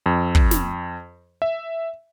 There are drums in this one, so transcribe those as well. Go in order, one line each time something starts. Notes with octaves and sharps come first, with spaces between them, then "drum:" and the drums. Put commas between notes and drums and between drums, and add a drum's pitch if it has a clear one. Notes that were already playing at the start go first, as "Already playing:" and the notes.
F2
drum: kick
drum: snare
E5